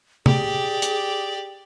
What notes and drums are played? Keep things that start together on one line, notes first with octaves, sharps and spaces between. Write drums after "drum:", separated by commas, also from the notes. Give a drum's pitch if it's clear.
G4 G#4 D5, drum: tom C3
drum: hi-hat